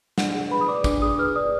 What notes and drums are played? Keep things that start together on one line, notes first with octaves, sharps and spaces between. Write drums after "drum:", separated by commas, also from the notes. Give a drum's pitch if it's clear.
D4 F#5, drum: snare
G#4 F#5
B4 B5
D#6
D5 D6
D4 D6, drum: kick, tambourine
G#4 D#6
B4 F6
D5 D#6